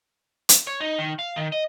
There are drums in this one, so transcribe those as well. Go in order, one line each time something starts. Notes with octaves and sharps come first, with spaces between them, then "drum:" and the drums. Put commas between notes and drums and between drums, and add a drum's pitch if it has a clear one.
drum: hi-hat
C#5
D#4
D#3
F5
D#3
D#5